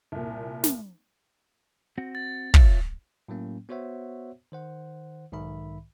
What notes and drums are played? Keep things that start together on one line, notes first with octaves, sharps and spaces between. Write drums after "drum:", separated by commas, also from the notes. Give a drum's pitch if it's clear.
C2 A#2
drum: snare
C4 F#4
A6
F4 C#5 E5, drum: kick
A2 F#3 A#3 C#4
B3 F#4 C5 C#5 E5 F#5
D#3 C5 F#5
B1 G#2 D#3 E5 B5